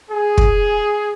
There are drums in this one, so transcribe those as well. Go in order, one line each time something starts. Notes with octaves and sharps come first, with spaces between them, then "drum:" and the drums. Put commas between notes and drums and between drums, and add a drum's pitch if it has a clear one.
G#4
drum: kick